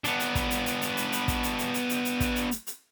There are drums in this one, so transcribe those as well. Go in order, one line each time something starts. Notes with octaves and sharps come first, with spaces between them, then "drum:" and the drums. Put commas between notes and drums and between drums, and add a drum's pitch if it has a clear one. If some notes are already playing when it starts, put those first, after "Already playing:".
B3 D4, drum: hi-hat
drum: hi-hat
drum: kick, hi-hat
drum: hi-hat
drum: hi-hat
drum: hi-hat
drum: hi-hat
drum: hi-hat
drum: kick, hi-hat
drum: hi-hat
drum: hi-hat
drum: hi-hat
drum: hi-hat
drum: hi-hat
drum: kick, hi-hat
drum: hi-hat
drum: hi-hat
drum: hi-hat